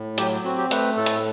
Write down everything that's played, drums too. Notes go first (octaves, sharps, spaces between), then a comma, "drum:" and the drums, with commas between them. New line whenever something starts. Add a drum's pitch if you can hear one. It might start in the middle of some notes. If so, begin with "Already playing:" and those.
Already playing: A2
F#3 G4, drum: hi-hat
C4 F#4
G4
A3 B4, drum: hi-hat
A2 A4
drum: hi-hat